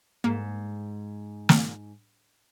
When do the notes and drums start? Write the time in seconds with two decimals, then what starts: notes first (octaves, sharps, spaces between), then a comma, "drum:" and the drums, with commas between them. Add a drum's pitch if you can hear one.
0.24 G#2 A#3
1.49 drum: snare